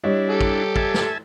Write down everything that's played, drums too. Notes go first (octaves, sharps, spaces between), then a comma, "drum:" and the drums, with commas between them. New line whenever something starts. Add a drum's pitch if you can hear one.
G3 D4 E4 C#5 D#5
G4 A4
drum: kick
E5 G#5 A5, drum: kick
drum: snare